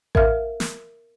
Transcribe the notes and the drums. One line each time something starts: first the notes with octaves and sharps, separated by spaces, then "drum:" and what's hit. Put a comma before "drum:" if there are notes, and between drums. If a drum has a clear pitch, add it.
A#4 E5 F5 F6, drum: kick A1
drum: snare